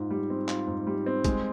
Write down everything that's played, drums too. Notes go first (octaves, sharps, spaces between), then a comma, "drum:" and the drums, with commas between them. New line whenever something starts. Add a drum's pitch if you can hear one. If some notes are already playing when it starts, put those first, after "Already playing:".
Already playing: G#2 F4
G3
C4
F4, drum: clap
G#2
G3
C4
G#3, drum: kick A1, hi-hat